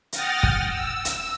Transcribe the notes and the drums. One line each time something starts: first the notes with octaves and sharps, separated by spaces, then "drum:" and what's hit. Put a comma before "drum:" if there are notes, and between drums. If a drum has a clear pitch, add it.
F#5 G5 D#6 F6 A6 A#6, drum: hi-hat
drum: kick
E6
drum: hi-hat